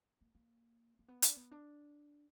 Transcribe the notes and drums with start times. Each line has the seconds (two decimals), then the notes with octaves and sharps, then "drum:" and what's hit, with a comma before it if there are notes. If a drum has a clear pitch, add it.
0.21 A#3
0.35 A#3
0.99 A#3
1.08 B3
1.22 D4, drum: hi-hat
1.36 B3
1.51 D4